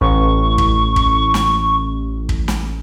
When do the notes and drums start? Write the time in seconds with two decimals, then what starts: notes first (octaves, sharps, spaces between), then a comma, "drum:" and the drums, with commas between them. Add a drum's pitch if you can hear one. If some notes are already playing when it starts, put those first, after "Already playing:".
0.01 A1 C#6
0.58 drum: kick
0.96 drum: kick
1.34 drum: snare
2.29 drum: kick
2.48 drum: snare